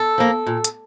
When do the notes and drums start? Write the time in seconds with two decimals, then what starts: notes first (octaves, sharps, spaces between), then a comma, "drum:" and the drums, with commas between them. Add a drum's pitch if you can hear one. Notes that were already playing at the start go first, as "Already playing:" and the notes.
Already playing: A4
0.18 F3 A#3
0.47 A#2
0.64 drum: hi-hat